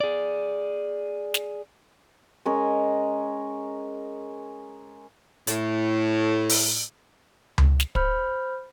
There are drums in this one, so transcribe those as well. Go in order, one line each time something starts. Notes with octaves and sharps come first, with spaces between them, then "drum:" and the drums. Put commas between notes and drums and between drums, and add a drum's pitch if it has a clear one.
G#4 D5
drum: snare
G#3 C#4 A#4
A2, drum: hi-hat
drum: open hi-hat
drum: tom C#2
drum: snare
C5 B5 F6 G6, drum: kick